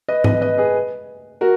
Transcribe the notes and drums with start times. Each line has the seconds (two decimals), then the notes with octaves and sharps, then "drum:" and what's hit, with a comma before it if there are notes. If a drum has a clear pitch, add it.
0.08 B4 D#5
0.24 B4 D#5, drum: tom G#2
0.41 B4 D#5
0.57 G#4 B4
1.41 F#4 A#4